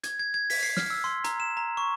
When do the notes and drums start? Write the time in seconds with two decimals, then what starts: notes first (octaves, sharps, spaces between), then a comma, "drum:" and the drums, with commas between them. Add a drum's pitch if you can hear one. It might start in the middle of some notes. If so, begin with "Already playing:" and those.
0.04 G#6, drum: hi-hat
0.19 G#6
0.34 G#6
0.50 B6, drum: open hi-hat
0.63 C7
0.77 F6, drum: snare
0.90 E6
1.04 C6
1.24 A#5, drum: hi-hat
1.40 E7
1.57 A#5
1.77 C#6